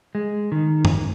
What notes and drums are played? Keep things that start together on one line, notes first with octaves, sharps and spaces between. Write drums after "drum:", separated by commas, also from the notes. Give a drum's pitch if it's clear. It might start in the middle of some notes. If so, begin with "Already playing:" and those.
G#3
D#3
drum: tom F#2